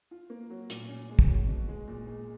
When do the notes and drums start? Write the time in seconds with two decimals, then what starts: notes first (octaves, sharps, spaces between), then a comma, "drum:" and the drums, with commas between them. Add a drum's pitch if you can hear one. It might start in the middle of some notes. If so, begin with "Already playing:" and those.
0.11 F4
0.30 A#3
0.50 F#3
0.70 A#2, drum: hi-hat
0.89 C#4
1.09 G#3
1.19 drum: kick
1.28 F#3
1.48 B2
1.68 G#3
1.88 A#2
2.07 G#3